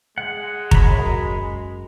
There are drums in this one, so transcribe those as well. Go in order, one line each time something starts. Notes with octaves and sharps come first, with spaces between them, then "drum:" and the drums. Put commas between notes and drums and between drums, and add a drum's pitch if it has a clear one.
G#3 F#5
F#2 A#5 B5, drum: kick